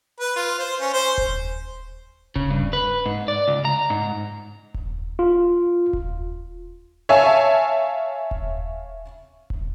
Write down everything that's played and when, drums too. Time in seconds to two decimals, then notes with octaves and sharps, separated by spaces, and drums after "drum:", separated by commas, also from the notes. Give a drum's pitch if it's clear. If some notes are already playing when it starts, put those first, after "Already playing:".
0.21 B4
0.36 F4
0.59 C5
0.81 C#4
0.94 C5
1.18 drum: kick D#1
2.36 C#3, drum: kick D#1
2.50 G2
2.73 B4
3.06 G#2
3.28 D5
3.48 C#2
3.65 A#5
3.90 G#2
4.74 drum: kick D#1
5.19 F4
5.93 drum: kick D#1
7.09 C#5 E5 F5 G#5 A5
8.31 drum: kick D#1
9.50 drum: kick D#1